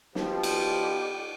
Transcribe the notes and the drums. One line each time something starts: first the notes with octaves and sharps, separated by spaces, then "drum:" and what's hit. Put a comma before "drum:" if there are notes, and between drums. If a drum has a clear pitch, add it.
B2 F3 G4, drum: snare
drum: cymbal